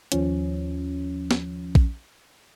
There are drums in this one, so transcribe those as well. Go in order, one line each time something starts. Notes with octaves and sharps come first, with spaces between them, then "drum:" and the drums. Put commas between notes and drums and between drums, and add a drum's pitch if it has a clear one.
D#2 F3 C#4, drum: hi-hat
drum: snare
drum: kick A#1